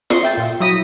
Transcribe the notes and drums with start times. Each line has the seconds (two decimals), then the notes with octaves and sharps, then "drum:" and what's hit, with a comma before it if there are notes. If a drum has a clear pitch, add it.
0.10 C6 C#6 D#6 C7, drum: snare
0.23 E5 G5 A5
0.38 A#2 F4
0.60 F#3 E4 D#6 A#6 B6